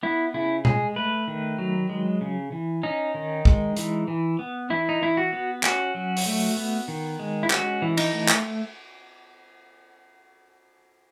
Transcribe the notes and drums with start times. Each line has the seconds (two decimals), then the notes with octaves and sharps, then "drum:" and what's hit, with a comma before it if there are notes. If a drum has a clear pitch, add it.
0.03 B3 E4
0.34 C#3 E4
0.65 G#3 G#4, drum: tom B2
0.96 A3 B4
1.28 D#3
1.58 F#3
1.89 G#3
2.21 C#3
2.52 E3
2.83 C#4 D#4
3.14 D#3
3.45 G#3, drum: kick
3.76 E3, drum: hi-hat
4.08 E3
4.39 B3
4.70 E3 E4
4.89 D#4
5.01 E3 E4
5.17 F#4
5.33 B3
5.63 C#4 F#4, drum: clap
5.95 F#3
6.17 drum: open hi-hat
6.26 A3
6.57 B3
6.88 D#3
7.19 G#3
7.43 E4
7.50 C#4 F#4, drum: clap
7.82 E3
7.97 D#4, drum: cymbal
8.13 A3
8.28 drum: clap